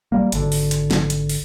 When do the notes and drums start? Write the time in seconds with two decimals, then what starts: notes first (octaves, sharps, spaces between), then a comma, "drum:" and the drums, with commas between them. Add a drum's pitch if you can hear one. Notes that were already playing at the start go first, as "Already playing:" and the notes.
0.12 G3 A#3
0.32 G#1 D3, drum: hi-hat
0.52 drum: open hi-hat
0.71 drum: hi-hat
0.91 drum: snare
1.10 drum: hi-hat
1.29 drum: open hi-hat